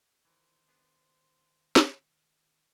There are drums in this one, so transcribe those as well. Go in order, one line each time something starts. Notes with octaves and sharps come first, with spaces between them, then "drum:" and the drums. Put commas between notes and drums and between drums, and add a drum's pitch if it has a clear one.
D#3 E3 A#4 C5
B3 D4 G#4
drum: snare